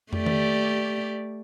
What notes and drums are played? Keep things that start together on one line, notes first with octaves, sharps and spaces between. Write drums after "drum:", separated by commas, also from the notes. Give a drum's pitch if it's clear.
A3 G4 D5, drum: tom
drum: tom D#3